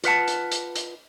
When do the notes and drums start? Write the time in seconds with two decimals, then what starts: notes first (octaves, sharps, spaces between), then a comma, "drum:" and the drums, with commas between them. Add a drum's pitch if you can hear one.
0.04 F4 B4 F#5 A5, drum: hi-hat
0.28 drum: hi-hat
0.52 drum: hi-hat
0.75 drum: hi-hat